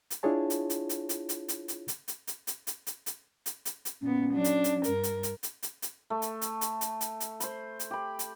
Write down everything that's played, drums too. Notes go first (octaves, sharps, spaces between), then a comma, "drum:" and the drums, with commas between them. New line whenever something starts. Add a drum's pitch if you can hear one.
drum: hi-hat
D4 E4 F4 G#4 C#5 A5
drum: hi-hat
drum: hi-hat
drum: hi-hat
drum: hi-hat
drum: hi-hat
drum: hi-hat
drum: hi-hat
drum: hi-hat
drum: hi-hat
drum: hi-hat
drum: hi-hat
drum: hi-hat
drum: hi-hat
drum: hi-hat
drum: hi-hat
drum: hi-hat
drum: hi-hat
A#2 B3 C#4
F#3 D4
drum: hi-hat
drum: hi-hat
G2 A#4, drum: hi-hat
drum: hi-hat
drum: hi-hat
drum: hi-hat
drum: hi-hat
drum: hi-hat
A3
drum: hi-hat
drum: hi-hat
drum: hi-hat
drum: hi-hat
drum: hi-hat
drum: hi-hat
C5 B5, drum: hi-hat
drum: hi-hat
G4 B5
drum: hi-hat